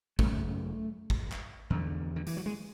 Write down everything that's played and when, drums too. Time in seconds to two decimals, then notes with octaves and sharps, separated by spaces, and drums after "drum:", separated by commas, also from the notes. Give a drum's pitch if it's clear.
0.19 F#2 C#3 A3, drum: kick
1.10 drum: kick
1.32 drum: clap
1.70 E2 D3
2.16 D3
2.27 E3, drum: open hi-hat
2.37 F#3
2.46 G#3